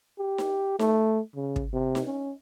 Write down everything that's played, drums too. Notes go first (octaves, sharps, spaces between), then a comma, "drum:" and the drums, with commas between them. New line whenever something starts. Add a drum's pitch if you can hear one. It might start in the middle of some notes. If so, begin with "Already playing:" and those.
G4
drum: snare D#4
A3, drum: snare D#4
C#3
drum: kick
C3
drum: snare D#4
C#4